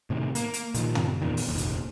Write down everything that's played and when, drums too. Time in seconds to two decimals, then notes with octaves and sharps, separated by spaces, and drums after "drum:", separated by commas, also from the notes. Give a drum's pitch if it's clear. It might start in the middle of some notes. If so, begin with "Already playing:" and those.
0.10 A2 C3 D#3
0.35 A#3, drum: hi-hat
0.54 drum: hi-hat
0.74 A#2 D#3 F3, drum: hi-hat
0.95 drum: tom
1.22 E2 A#2 D#3
1.37 drum: open hi-hat
1.49 F1 A#1 D#2
1.58 drum: hi-hat